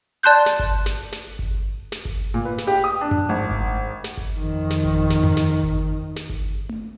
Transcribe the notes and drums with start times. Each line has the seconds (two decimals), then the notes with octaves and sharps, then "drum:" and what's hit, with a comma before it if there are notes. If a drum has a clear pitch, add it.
0.23 D5 A5 C6 F#6 G6
0.46 drum: snare
0.59 drum: kick G1
0.86 drum: snare
1.12 drum: snare
1.39 drum: kick G1
1.92 drum: snare
2.05 drum: kick G1
2.34 A#2
2.45 B4
2.58 drum: snare
2.67 G4
2.84 D#6
3.01 D4
3.11 drum: tom F#2
3.29 G#1
3.51 drum: kick G1
4.04 drum: snare
4.17 drum: kick G1
4.38 F2 D#3
4.70 drum: snare
4.84 drum: kick G1
5.10 drum: snare
5.23 drum: tom F#2
5.37 drum: snare
5.63 drum: kick G1
6.16 drum: snare
6.30 drum: kick G1
6.69 drum: tom A3